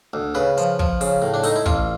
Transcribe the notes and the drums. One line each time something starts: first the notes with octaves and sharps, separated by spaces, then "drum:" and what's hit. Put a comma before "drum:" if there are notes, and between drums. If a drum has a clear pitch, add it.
D2
C#3 B4
F3, drum: hi-hat
F3, drum: kick
C#3, drum: open hi-hat
A2
D4
A3 D#4, drum: open hi-hat
E4
A1 F4, drum: kick